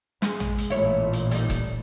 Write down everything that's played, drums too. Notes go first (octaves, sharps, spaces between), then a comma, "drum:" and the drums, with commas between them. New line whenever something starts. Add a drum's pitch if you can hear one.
G#3, drum: snare
drum: tom A1
drum: hi-hat
A1 A#2 A3 E4 C#5
drum: hi-hat
G3 D#4, drum: hi-hat
drum: kick, hi-hat